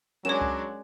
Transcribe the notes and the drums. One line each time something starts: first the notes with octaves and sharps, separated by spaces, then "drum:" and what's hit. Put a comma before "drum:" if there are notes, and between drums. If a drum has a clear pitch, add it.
F#3 G#3 C#4 D4 F#4 A#4 C#5 E7
drum: kick C#2